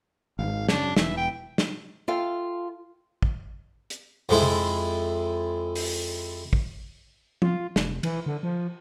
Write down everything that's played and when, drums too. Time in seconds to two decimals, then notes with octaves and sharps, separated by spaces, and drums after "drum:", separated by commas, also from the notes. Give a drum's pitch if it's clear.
0.39 G#1 G#2 F5
0.69 F#2 C#3 D4, drum: snare
0.97 E1 E3 E5, drum: snare
1.17 G5
1.58 drum: snare
2.08 F4 A4 F5 G5
3.22 drum: kick
3.90 drum: hi-hat
4.29 F2 G#3 E4, drum: open hi-hat
4.43 drum: tom C3
5.75 drum: open hi-hat
6.53 drum: kick
7.42 F4, drum: tom
7.76 F1, drum: snare
8.03 E3, drum: cymbal
8.26 D3
8.43 F3